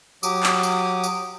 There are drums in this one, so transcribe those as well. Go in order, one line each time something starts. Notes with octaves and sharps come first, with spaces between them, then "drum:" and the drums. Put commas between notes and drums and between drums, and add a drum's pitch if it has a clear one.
F#3 G4 D6 D#6, drum: tambourine
drum: clap
drum: tambourine
drum: tambourine